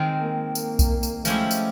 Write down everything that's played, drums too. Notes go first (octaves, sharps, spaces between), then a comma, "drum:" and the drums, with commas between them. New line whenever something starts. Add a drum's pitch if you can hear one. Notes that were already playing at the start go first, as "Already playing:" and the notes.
Already playing: D#3 G#3 C4
A#3
A#3, drum: tambourine
drum: kick B1, tambourine
drum: tambourine
F3 G#3 A3 C#4 E4 G4, drum: tambourine
drum: tambourine